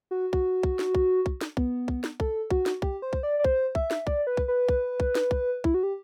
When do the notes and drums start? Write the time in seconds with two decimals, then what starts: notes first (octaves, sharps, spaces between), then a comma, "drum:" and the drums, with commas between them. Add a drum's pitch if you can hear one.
0.11 F#4
0.33 F#4, drum: kick
0.63 drum: kick
0.79 drum: snare
0.95 drum: kick
1.26 drum: kick
1.41 drum: snare
1.57 B3, drum: kick
1.88 drum: kick
2.04 drum: snare
2.20 A4, drum: kick
2.51 F#4, drum: kick
2.66 drum: snare
2.82 G4, drum: kick
3.02 C5
3.13 drum: kick
3.23 D5
3.39 D5
3.44 C5, drum: kick
3.75 E5, drum: kick
3.91 drum: snare
4.07 D5, drum: kick
4.27 B4
4.37 drum: kick
4.48 B4
4.69 drum: kick
5.00 drum: kick
5.15 drum: snare
5.31 drum: kick
5.64 E4, drum: kick
5.74 F#4
5.83 G4